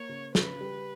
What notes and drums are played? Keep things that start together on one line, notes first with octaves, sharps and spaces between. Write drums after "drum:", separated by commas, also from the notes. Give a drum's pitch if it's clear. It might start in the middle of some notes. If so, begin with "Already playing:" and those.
Already playing: A#3 C#5
C#3
C#3 B4, drum: snare
G3